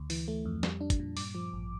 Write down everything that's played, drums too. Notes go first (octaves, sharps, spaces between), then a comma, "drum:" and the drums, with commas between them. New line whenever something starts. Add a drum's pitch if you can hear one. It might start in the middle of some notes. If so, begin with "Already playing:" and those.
Already playing: D2
E3, drum: open hi-hat
A3
F2
G3, drum: snare
D4
drum: kick, hi-hat
A#2
G2 D6, drum: open hi-hat
F3
A1